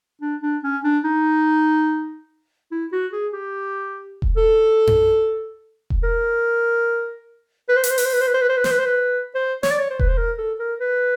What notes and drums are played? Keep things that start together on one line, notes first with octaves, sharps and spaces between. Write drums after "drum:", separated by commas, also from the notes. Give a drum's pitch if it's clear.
D4
D4
C#4
D4
D#4
E4
F#4
G#4
G4
drum: kick E1
A4
drum: tom F#2
drum: kick E1
A#4
B4
C5
B4, drum: hi-hat
C5
B4, drum: open hi-hat
C5
B4
C5
B4
C5
B4
C5
B4
C5, drum: snare
B4
C5
B4
C5
C#5, drum: snare
D5
C#5
C5
B4, drum: kick E1
C5
A#4
A4
A#4
B4